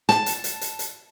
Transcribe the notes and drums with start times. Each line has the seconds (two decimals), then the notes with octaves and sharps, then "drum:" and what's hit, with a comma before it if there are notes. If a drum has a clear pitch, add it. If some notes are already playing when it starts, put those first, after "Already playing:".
0.09 A5, drum: snare
0.26 drum: hi-hat
0.44 drum: hi-hat
0.61 drum: hi-hat
0.79 drum: hi-hat